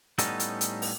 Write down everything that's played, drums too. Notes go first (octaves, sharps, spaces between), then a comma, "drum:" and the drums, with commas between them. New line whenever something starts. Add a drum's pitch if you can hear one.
A2 G3 B3 C#4 D#4 A4, drum: hi-hat
drum: hi-hat
drum: hi-hat
drum: open hi-hat